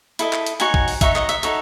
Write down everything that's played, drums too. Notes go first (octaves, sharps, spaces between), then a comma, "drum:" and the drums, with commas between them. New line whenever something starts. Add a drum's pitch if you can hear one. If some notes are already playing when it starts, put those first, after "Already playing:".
E4 A4 D#5, drum: hi-hat
drum: clap
drum: hi-hat
D#4 F#4 C#5 G#5, drum: hi-hat
drum: kick
drum: open hi-hat
D#4 F#4 C#5 E5, drum: kick, hi-hat
D#5, drum: clap
E5, drum: hi-hat
D#4 F#4 A4 C#5, drum: hi-hat